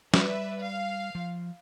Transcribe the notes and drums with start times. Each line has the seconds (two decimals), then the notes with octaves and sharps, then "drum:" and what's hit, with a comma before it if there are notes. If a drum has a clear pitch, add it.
0.14 G3 B4 D5 E5, drum: snare
0.61 F5
1.15 F3